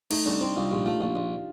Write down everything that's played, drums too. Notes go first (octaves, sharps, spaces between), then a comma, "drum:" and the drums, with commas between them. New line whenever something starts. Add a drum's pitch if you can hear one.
A3 D#4, drum: cymbal
C2 D4
C4 D#4
C2 F4
A#1 G4
A3 F4
A#1 F4
A#1